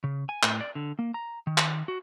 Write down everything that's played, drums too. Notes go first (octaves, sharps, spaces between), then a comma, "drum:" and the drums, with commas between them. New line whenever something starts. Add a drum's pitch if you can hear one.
C#3
G#5
A2, drum: clap
D5
D3
A#3
A#5
D#3
drum: clap
F#4